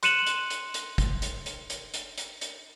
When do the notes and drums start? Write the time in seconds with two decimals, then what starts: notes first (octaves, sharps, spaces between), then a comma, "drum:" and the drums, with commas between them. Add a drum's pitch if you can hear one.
0.03 C6 F#6 C#7 D#7 E7 F#7, drum: hi-hat
0.27 drum: hi-hat
0.50 drum: hi-hat
0.74 drum: hi-hat
0.98 drum: kick, hi-hat
1.22 drum: hi-hat
1.46 drum: hi-hat
1.70 drum: hi-hat
1.94 drum: hi-hat
2.18 drum: hi-hat
2.41 drum: hi-hat